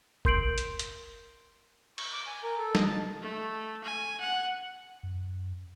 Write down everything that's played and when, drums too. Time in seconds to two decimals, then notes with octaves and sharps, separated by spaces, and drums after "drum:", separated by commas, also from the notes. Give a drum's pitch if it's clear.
0.25 A#4 C6 G6 C7 D7 F#7, drum: kick
0.58 drum: hi-hat
0.79 drum: hi-hat
1.98 C#6, drum: cymbal
2.13 D6
2.27 G#5
2.43 A#4
2.59 A4
2.75 D#5, drum: snare
2.87 A5
3.22 A3
3.84 G#5
4.21 F#5
5.03 F#2